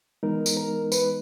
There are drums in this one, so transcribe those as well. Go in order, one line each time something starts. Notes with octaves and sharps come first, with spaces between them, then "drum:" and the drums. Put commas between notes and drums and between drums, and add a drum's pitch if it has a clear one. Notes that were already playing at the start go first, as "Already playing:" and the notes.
E3 G#3 B3 D#4 A#4
drum: tambourine
A#4
B4, drum: tambourine